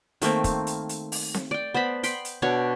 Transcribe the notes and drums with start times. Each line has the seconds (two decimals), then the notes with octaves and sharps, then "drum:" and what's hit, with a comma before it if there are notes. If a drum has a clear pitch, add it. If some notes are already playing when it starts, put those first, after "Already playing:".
0.22 D#3 A3 A#3 C4, drum: hi-hat
0.44 drum: kick, hi-hat
0.67 drum: hi-hat
0.89 drum: hi-hat
1.12 drum: open hi-hat
1.34 drum: snare C4
1.51 D5 G5
1.74 B3 C5 A5 B5
2.03 G5 B5 C6, drum: hi-hat
2.25 drum: hi-hat
2.42 B2 D4 C#5